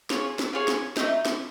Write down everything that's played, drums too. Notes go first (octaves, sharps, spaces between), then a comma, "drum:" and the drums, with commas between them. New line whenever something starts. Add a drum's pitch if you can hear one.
F4 G#4 C#5, drum: snare
drum: snare
F4 G#4 C#5
drum: snare
A3 C4 D#4, drum: snare
drum: snare